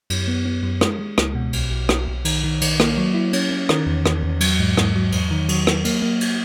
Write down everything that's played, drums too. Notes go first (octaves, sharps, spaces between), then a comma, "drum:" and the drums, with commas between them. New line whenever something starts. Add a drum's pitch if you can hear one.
F#2, drum: cymbal
B3
B3
F#2
G#3, drum: rim click
G#3
C#2, drum: rim click
B2
B1, drum: cymbal
B1
B1, drum: rim click
B1
D#3, drum: cymbal
D#3
D#3, drum: cymbal
A#3, drum: rim click
F#3
E4
C#4, drum: cymbal
C#4
D#3, drum: rim click
E2
E2, drum: rim click
E2
F#3, drum: cymbal
G#2
G#2, drum: rim click
F#3
E2, drum: cymbal
D#3
F#3, drum: cymbal
F#3, drum: rim click
A#3, drum: cymbal
A#3
drum: cymbal